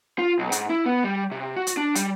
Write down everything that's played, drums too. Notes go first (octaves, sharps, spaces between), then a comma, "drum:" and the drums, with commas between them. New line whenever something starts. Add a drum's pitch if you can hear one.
F4
B1
G#2, drum: hi-hat
E4
B3
G3
C3
F#4
drum: hi-hat
D4
G3, drum: hi-hat